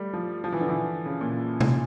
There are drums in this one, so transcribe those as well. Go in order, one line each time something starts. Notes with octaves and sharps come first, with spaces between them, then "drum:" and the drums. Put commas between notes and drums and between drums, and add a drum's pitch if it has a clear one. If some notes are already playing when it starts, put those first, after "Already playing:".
Already playing: G3 A3
F3
F3
E3
D3
E3
C#3
A#2
drum: tom C3